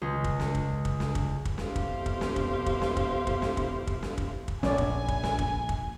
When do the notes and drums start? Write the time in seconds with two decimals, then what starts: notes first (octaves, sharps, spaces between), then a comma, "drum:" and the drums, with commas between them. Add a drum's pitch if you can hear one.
0.02 C#2
0.24 drum: kick
0.39 drum: snare
0.55 drum: kick
0.85 drum: kick
1.00 drum: snare
1.15 drum: kick
1.45 drum: kick
1.58 F2 B2 E4 G4 C5 F5, drum: snare
1.76 drum: kick
2.06 drum: kick
2.21 drum: snare
2.36 drum: kick
2.66 drum: kick
2.81 drum: snare
2.97 drum: kick
3.27 drum: kick
3.42 drum: snare
3.57 drum: kick
3.87 drum: kick
4.02 drum: snare
4.18 drum: kick
4.48 drum: kick
4.63 A#1 C#4 D5 G#5, drum: snare
4.78 drum: kick
5.08 drum: kick
5.23 drum: snare
5.39 drum: kick
5.69 drum: kick